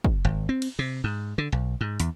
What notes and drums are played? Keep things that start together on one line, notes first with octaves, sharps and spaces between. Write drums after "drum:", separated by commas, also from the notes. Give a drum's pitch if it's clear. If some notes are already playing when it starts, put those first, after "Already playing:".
drum: kick
G#1
C4
drum: cymbal
C3
G#2
D3
B1
G#2
E2, drum: hi-hat